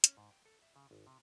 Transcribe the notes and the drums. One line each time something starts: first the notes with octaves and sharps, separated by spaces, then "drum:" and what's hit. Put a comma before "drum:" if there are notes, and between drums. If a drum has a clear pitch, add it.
C#4, drum: hi-hat
G#2
G5
A4
E5
C#3
G#1
C3